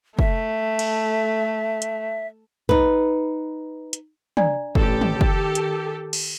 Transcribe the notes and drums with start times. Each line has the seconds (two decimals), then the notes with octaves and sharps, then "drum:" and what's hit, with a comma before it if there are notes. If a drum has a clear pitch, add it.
0.19 A3 E5, drum: kick
0.79 drum: cymbal
1.82 drum: hi-hat
2.69 D#4 B4, drum: tom
3.93 drum: hi-hat
4.37 D4 D5 A#5, drum: tom
4.75 A1 G4 A4, drum: kick
5.01 drum: tom
5.21 D#3, drum: kick
5.55 drum: hi-hat
6.13 drum: cymbal